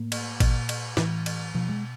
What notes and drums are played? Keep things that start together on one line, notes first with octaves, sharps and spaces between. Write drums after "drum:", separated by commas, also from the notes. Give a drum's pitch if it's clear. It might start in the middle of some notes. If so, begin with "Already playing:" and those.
Already playing: A2 A#3
drum: cymbal
A#2, drum: kick G#1, cymbal
drum: cymbal
A2 E3, drum: snare
drum: cymbal
B2 F3
G#3